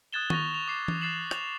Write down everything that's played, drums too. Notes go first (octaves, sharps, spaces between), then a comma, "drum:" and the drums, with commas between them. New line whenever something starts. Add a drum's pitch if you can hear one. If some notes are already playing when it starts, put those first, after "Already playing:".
D#6 F#6 G#6 A6 E7 G7
C#6 A6 A#6 F7, drum: tom D#3
F7
D6 C7
drum: tom E3
F#6 A6 C7 E7 F#7
F7, drum: rim click